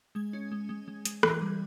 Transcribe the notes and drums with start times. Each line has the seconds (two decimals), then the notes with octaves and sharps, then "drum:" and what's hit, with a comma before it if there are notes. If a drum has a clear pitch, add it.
0.15 G#3 G#6
0.33 C#4
0.52 G#3
0.69 G#3
0.88 G#3
1.05 G#3, drum: hi-hat
1.23 E3 G#6, drum: rim click
1.41 G3